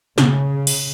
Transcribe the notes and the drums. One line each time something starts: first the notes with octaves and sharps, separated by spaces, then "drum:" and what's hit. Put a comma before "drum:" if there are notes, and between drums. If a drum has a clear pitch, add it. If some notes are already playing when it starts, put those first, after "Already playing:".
C#3, drum: snare
drum: cymbal